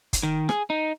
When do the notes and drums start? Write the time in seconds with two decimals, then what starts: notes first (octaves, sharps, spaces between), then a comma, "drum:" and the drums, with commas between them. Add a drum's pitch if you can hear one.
0.13 drum: kick, hi-hat
0.23 D#3
0.49 G#4, drum: rim click
0.70 D#4